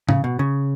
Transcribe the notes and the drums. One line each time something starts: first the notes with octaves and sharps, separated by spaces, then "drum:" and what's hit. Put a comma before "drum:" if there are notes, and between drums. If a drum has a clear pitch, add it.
C#3, drum: tom A2
B2
C#3